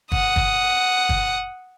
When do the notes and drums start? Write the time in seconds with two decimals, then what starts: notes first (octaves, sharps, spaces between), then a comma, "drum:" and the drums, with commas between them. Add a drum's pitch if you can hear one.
0.12 F#5 D#6, drum: kick
0.36 drum: kick
1.09 drum: kick